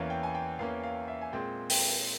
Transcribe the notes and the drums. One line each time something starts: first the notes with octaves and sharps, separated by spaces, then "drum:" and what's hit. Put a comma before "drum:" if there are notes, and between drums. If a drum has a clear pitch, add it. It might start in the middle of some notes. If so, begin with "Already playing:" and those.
Already playing: E2 E3 A#3 C#4 F5
G5
G#5
G5
E2 E3 A#3 C#4 F5
F5
E5
G#5
A#2 G#3 C4 G5
G5, drum: open hi-hat